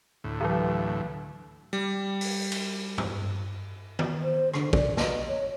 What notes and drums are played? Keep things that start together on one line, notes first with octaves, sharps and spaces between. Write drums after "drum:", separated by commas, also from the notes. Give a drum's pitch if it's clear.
D2 A2
D3 E3 F#3
G3
drum: open hi-hat
drum: cymbal
drum: tom G2
drum: tom D#3
C5
D3, drum: rim click
D5, drum: kick
D#5, drum: snare
C#5